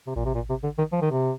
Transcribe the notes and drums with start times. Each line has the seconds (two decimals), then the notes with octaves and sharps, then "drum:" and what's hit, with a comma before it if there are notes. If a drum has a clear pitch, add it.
0.07 C3
0.16 A#2, drum: kick A1
0.25 C3
0.35 A#2
0.49 C3
0.64 D3
0.78 D#3
0.93 F3
1.02 D#3
1.11 C3